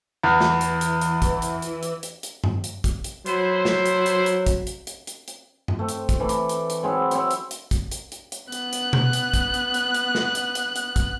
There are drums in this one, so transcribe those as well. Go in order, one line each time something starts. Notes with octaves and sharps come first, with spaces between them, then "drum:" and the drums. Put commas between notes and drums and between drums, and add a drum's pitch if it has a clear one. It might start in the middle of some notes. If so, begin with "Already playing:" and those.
E2 E3
drum: snare
drum: hi-hat
drum: hi-hat
drum: hi-hat
drum: kick, hi-hat
drum: hi-hat
drum: hi-hat
drum: hi-hat
drum: hi-hat
drum: hi-hat
drum: tom G2
drum: hi-hat
drum: kick, hi-hat
drum: hi-hat
F#3 B3 E4 C5, drum: hi-hat
drum: snare
drum: hi-hat
drum: hi-hat
drum: hi-hat
drum: kick, hi-hat
drum: hi-hat
drum: hi-hat
drum: hi-hat
drum: hi-hat
drum: tom G2
A3 C4
drum: hi-hat
drum: kick, hi-hat
E3 A3 D5
drum: hi-hat
drum: hi-hat
drum: hi-hat
F#3 G#3 C4 E4
C4 C#5 G5, drum: hi-hat
drum: hi-hat
drum: hi-hat
drum: kick, hi-hat
drum: hi-hat
drum: hi-hat
drum: hi-hat
B3 F#6, drum: hi-hat
drum: hi-hat
drum: tom B2
drum: hi-hat
drum: kick, hi-hat
drum: hi-hat
drum: hi-hat
drum: hi-hat
drum: snare
drum: hi-hat
drum: hi-hat
drum: hi-hat
drum: kick, hi-hat